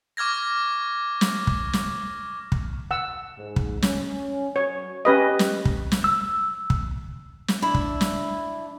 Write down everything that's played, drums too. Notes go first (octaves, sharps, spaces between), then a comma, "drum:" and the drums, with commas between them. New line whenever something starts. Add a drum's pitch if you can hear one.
C#6 D6 F6 G#6 A#6
drum: snare
drum: kick
drum: snare
drum: kick
F#5 E6
G#2
drum: kick
C#4, drum: snare
F#3 C#5
C#4 G4 B4 D#5
drum: snare
drum: kick
drum: snare
E6
drum: kick
drum: snare
D4 E4
drum: kick
drum: snare